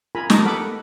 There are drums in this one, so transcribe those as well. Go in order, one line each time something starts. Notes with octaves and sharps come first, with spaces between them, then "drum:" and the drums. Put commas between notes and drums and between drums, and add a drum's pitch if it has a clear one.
F4 A#4 G#5 A#5 B5
G4 A#4 D#5 A5 D6 D#6, drum: snare
A4 B4 F#5 B5 D6